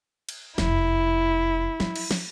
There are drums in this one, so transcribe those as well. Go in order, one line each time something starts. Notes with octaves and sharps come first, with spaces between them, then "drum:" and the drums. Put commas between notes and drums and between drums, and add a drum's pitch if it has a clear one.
drum: cymbal
F1 F#2 E4, drum: snare
F3 F#3, drum: snare
drum: cymbal
drum: snare